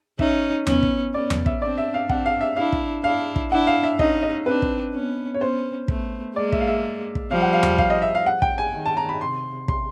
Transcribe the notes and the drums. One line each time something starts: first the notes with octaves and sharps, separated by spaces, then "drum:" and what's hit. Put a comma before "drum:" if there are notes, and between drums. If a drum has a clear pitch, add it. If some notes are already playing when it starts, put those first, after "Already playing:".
C#4 D#4 E5, drum: kick
B3 C#4, drum: tom E2
drum: kick
B3 C#4 D5
drum: tom E2
E5, drum: kick
C4 D4 D5
E5
F5
C4 D4 F#5, drum: kick
F5
E5
D4 E4 F5
drum: kick
D4 E4 F5
drum: kick
D4 E4 F#5
F5
E5
C#4 D#4 D#5, drum: kick
D#5
C4 D4 B4
drum: kick
B3 C#4
C#5
B3 C#4 C5
A3 B3, drum: kick
G#3 A#3 D5
E5, drum: kick
F5
E5
drum: kick
F3 G3 F5
F#5
F5
drum: tom E2
F5, drum: kick
D#5
E5
F5
F#5
G5, drum: kick
G#5
D#3
A5
A#5
B5
C3 C6
C6, drum: kick